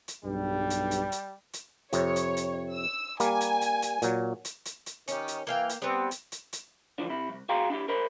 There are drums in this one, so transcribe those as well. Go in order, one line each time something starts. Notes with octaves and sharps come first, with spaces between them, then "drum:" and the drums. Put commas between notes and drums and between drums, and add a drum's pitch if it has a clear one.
drum: hi-hat
B1 G2 G3
drum: hi-hat
drum: hi-hat
drum: hi-hat
drum: hi-hat
F2 C3 C#5, drum: hi-hat
drum: hi-hat
drum: hi-hat
E6
G3 A#3 G#5, drum: hi-hat
drum: hi-hat
drum: hi-hat
drum: hi-hat
A#2 F#3, drum: hi-hat
drum: hi-hat
drum: hi-hat
drum: hi-hat
D#3 C#4 G4, drum: hi-hat
drum: hi-hat
E3 A#3 F5 G5
drum: hi-hat
G3 B3 C4
drum: hi-hat
drum: hi-hat
drum: hi-hat
D3 E3 F3 D4
C3 E4
C2 F#2
F#4 G#4 F5 G5 A#5 C6
D4 E4 G4
A#4 C5 D#5 B5